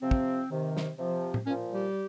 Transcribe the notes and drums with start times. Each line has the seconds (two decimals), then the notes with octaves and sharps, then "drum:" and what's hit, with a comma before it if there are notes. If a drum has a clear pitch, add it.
0.01 C3 F3 C4
0.11 drum: kick
0.50 C3 D#3
0.77 drum: snare
0.97 C3 F3
1.34 drum: tom A2
1.46 A#2 F3 C#4
1.70 G3 G4